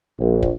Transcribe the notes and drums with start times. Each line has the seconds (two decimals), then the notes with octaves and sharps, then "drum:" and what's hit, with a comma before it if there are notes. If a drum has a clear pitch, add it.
0.19 A#1
0.42 drum: kick